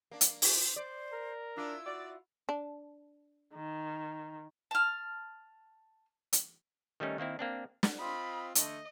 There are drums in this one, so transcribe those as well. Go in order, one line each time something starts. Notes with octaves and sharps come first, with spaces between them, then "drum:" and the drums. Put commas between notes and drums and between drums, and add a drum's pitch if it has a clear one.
A#3 D4
drum: hi-hat
C5, drum: open hi-hat
C5 D5
A#4
D4 E4 F4 E6
F#4 D5
D4
D#3
A5 F6
drum: hi-hat
D#3 G3 A3 C#4 D#4
D#3 A#3 C4 E4
A#3 C4 D4
drum: snare
C4 F4 D#5 B5
D3 A3 D#5, drum: hi-hat